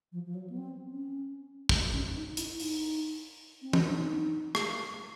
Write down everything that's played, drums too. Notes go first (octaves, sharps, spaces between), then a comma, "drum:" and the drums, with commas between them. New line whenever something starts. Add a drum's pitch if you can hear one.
F3
F3
F#3
B3
C4
C#4
drum: kick
C#4
D#4
E4, drum: hi-hat
D#4, drum: open hi-hat
C4
C#4, drum: tom
D4
D#4
drum: rim click